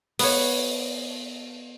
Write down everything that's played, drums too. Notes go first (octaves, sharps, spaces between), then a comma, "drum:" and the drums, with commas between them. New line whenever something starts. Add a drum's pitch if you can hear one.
B3 C#5, drum: open hi-hat